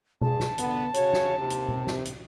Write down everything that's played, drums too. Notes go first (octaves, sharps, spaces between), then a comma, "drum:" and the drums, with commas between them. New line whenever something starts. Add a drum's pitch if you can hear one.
G2 G#4 A5, drum: tom B2
drum: snare
D3 B3, drum: hi-hat
C#3 F#4 C#5, drum: hi-hat
drum: snare
D#2 C3
drum: hi-hat
drum: tom B2
drum: snare
drum: hi-hat